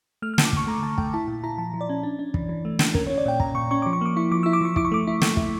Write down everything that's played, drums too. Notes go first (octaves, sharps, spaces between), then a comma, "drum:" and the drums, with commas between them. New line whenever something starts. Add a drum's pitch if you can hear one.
A3 F6
F6
D3, drum: snare
D6
D3 C#6, drum: kick
A3 A#5
D3 A5
A3 G5, drum: kick
E4 A5
A#2
E4 A#5
F3 A5
F3
D5
C#4
D4
D4
E3, drum: kick
E3
A3
D4, drum: snare
C#4 A#4, drum: kick
C#5
C#4
D5
A#2 G5
A#2 A#5, drum: kick
A#2 C#6
C#4 C#6
F3 D6
C#6
A#3 D6
E4 C#6
F3 D6
E4 E6
D6
F3 C#6
E4 D6, drum: kick
C#6
A3 D6
E4
A3, drum: snare
E4, drum: kick